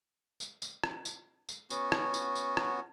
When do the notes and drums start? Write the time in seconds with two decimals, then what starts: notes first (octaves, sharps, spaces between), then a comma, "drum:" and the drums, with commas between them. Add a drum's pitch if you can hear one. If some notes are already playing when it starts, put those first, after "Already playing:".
0.40 drum: tambourine
0.62 drum: tambourine
0.84 drum: rim click
1.05 drum: tambourine
1.49 drum: tambourine
1.70 B3 C#4 F#4, drum: tambourine
1.92 drum: rim click
2.14 drum: tambourine
2.35 drum: tambourine
2.57 drum: rim click